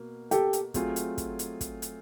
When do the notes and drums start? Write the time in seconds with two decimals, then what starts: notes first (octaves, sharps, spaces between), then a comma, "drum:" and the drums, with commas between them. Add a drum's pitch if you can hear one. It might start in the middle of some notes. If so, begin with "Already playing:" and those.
Already playing: B2 A#3
0.31 G4 A4, drum: hi-hat
0.53 drum: hi-hat
0.74 F#3 A3 C4 F4 G#4, drum: kick, hi-hat
0.96 drum: hi-hat
1.18 drum: kick, hi-hat
1.39 drum: hi-hat
1.61 drum: kick, hi-hat
1.82 drum: hi-hat